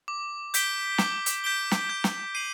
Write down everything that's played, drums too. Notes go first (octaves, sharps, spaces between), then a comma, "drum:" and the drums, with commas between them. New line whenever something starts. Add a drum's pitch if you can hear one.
D6
G6 B6 D7 G7, drum: hi-hat
D6, drum: snare
drum: hi-hat
G6 B6 D7 G7
drum: snare
G6
drum: snare
C7 D#7 F#7